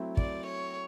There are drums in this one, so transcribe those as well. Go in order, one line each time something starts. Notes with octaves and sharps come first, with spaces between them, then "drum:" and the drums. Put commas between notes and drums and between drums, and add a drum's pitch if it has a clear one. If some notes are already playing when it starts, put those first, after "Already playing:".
Already playing: F#3 A3 C4 E4
D5, drum: kick
C#5